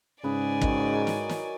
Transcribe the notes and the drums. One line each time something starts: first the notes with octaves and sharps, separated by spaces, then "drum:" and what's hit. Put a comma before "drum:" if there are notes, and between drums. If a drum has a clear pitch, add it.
G#2 C#3 G#4 B4 D5 G#5
D#3 F#3, drum: kick
drum: snare
drum: snare